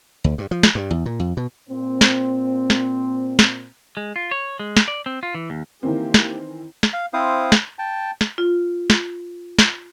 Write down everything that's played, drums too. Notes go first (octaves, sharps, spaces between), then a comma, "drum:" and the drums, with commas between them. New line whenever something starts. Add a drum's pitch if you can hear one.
D2
G2
F3
drum: snare
G2
E2
A#2
F2
B2
A#2 C4
drum: snare
drum: snare
drum: snare
G#3
F4
C#5
G#3
drum: snare
D5
C4
F4
E3
D#2
D#3 E3 A#3 C4 E4 G4
drum: snare
drum: snare
F5
C4 E4 C5 F5 D#6
drum: snare
G5 A5
drum: snare
F4
drum: snare
drum: snare